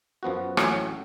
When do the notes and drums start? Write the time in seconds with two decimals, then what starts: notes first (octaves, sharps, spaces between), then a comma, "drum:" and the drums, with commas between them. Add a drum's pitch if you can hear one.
0.23 F#2 F3 B3 F#4
0.57 A1 A2 F#3 C#4, drum: rim click